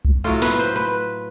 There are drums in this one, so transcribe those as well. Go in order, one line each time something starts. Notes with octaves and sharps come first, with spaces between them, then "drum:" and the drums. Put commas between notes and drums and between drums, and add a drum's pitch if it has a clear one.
drum: kick B1
A2 F#3 F4
B4, drum: snare
C5
B4